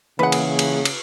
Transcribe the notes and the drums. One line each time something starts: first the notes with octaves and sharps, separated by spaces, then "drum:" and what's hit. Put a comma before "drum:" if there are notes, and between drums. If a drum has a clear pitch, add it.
C#3 E3 A#3 G#4 B4 F#5
drum: cymbal
drum: cymbal
drum: cymbal